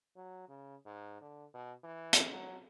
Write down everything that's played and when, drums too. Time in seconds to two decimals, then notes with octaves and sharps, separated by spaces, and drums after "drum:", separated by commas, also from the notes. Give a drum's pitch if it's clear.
0.16 F#3
0.49 C#3
0.85 G#2
1.21 D3
1.54 B2
1.84 E3
2.13 drum: hi-hat
2.32 F#3